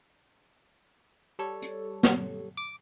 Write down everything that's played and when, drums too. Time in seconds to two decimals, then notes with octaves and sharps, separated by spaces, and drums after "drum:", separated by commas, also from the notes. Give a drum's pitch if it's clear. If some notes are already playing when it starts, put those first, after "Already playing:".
1.39 G3 A4 C#5
1.62 drum: hi-hat
2.03 drum: snare
2.57 D6